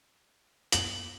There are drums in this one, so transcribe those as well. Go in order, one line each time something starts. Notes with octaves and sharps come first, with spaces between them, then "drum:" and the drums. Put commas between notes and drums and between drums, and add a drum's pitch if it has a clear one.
F#7, drum: hi-hat